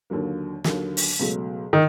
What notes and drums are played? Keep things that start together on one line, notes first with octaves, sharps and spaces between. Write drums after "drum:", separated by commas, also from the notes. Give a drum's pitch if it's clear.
D#2 D3 F#3 A#3
D#2 D3 F#3 A#3, drum: snare
drum: open hi-hat
C#2 B2 F#3 A3
D#3